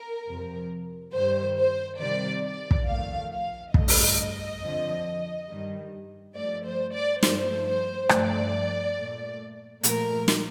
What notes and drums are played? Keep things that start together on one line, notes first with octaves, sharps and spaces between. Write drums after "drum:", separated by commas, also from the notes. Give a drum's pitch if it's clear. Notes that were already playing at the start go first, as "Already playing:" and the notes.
Already playing: A#4
F2 C3 F3
G2 D#3 G3 C5
C5
C3 D#3 G3 D5
D5
drum: kick
F2 D#3 A3 F5
F5
G2 D3 A3 D#5, drum: kick
drum: open hi-hat
F2 D3 F3
G2 D#3 G3
G2 F3 A3 D5
C5
D5
G2 F3 A3 C5, drum: snare
C5
G2 F3 A3 D5, drum: rim click
A#2 A3
A#2 F3 A3 A#4, drum: hi-hat
drum: snare